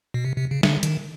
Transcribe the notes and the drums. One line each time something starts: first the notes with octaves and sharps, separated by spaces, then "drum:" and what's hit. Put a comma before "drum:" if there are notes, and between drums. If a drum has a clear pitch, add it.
B2
C3
C3
C#3
D3, drum: snare
D#3, drum: hi-hat